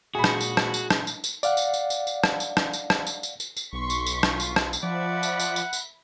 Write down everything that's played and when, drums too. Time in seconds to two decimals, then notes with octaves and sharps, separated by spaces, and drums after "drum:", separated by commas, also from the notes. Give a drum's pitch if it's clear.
0.15 A#2 G#3 F#4 G#4 G#5 B5
0.24 drum: rim click
0.41 drum: tambourine
0.57 drum: rim click
0.74 drum: tambourine
0.90 drum: rim click
1.07 drum: tambourine
1.24 drum: tambourine
1.43 D5 F5 F#5, drum: tambourine
1.57 drum: tambourine
1.74 drum: tambourine
1.90 drum: tambourine
2.07 drum: tambourine
2.24 drum: rim click
2.40 drum: tambourine
2.57 drum: rim click
2.73 drum: tambourine
2.90 drum: rim click
3.07 drum: tambourine
3.23 drum: tambourine
3.40 drum: tambourine
3.57 drum: tambourine
3.73 B1 C6 C#6 B6
3.90 drum: tambourine
4.06 drum: tambourine
4.23 F4, drum: rim click
4.40 drum: tambourine
4.56 drum: rim click
4.73 drum: tambourine
4.83 F3 D5 E5 F#5 B5
5.23 drum: tambourine
5.40 drum: tambourine
5.56 drum: tambourine
5.73 drum: tambourine